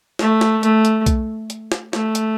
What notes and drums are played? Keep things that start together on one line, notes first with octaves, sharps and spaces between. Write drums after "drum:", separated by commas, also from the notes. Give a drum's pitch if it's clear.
A3, drum: snare
drum: snare
A3, drum: hi-hat
drum: hi-hat
drum: kick B1, hi-hat
drum: hi-hat
drum: snare
A3, drum: snare
drum: hi-hat